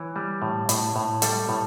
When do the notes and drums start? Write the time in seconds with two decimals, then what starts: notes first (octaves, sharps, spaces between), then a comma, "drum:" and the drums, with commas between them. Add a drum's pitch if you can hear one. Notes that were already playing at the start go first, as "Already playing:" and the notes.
Already playing: E3 C#5
0.16 G3
0.42 A2
0.69 A2, drum: hi-hat
0.96 A2
1.22 G3 A4, drum: hi-hat
1.49 A2